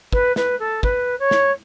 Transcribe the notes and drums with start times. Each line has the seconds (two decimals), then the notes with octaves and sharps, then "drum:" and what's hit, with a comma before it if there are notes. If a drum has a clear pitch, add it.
0.13 B4, drum: kick
0.36 B4, drum: snare
0.59 A4
0.83 B4, drum: kick
1.19 C#5
1.31 drum: snare